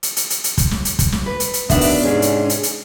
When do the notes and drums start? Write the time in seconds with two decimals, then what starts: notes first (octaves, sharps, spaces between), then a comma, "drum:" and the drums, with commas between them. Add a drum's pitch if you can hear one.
0.03 drum: hi-hat
0.16 drum: hi-hat
0.30 drum: hi-hat
0.44 drum: hi-hat
0.58 drum: kick, hi-hat
0.71 drum: snare
0.85 drum: hi-hat
0.99 drum: kick, hi-hat
1.12 drum: snare
1.26 B4
1.40 drum: hi-hat
1.54 drum: hi-hat
1.70 D#3 F#3 B3 D4 E5, drum: kick, hi-hat
1.81 drum: open hi-hat
2.03 G#2 C3 C#4
2.22 drum: hi-hat
2.50 drum: hi-hat
2.63 drum: hi-hat